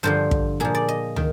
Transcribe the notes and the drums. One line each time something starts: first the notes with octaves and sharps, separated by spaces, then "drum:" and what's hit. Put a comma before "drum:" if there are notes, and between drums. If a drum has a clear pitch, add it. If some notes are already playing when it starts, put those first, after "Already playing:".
G2 D3 F3 C5
drum: kick
A#2 F3 G#4
D5
D#5
D#3, drum: tom